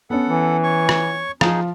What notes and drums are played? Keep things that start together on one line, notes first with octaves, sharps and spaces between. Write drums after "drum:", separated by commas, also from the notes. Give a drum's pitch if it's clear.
B3 C#4 A4 F#5
E3
C#5 C#6
drum: rim click
F3 D#4 G#4, drum: rim click